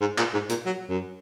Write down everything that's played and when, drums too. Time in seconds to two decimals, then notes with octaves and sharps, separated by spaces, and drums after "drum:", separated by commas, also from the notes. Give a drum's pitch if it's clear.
0.01 G#2
0.18 A#2, drum: clap
0.34 G#2
0.49 A#2, drum: hi-hat
0.66 F#3
0.89 F#2